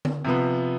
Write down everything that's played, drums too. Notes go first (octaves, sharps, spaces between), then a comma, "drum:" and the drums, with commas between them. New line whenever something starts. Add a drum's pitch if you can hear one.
drum: tom D3
C3 F3 B3